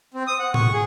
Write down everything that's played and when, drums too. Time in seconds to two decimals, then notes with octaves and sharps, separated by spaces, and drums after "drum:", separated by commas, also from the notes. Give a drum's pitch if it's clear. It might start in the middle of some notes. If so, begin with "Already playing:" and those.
0.14 C4
0.27 D#6
0.39 F#5
0.54 C#6, drum: tom A2
0.73 G#4